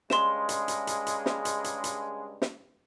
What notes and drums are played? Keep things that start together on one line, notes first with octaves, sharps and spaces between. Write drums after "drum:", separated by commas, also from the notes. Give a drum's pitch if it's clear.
G2 C#3 G#3 C6 E7, drum: snare
drum: hi-hat
drum: hi-hat
drum: hi-hat
drum: hi-hat
drum: snare
drum: hi-hat
drum: hi-hat
drum: hi-hat
drum: snare